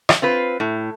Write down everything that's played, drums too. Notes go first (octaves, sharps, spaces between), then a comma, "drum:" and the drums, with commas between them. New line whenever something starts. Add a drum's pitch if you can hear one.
drum: rim click
C4 F4 B4
A2